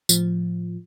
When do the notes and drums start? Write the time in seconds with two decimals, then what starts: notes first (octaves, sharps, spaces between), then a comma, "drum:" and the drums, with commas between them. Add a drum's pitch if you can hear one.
0.09 A2 F3, drum: tambourine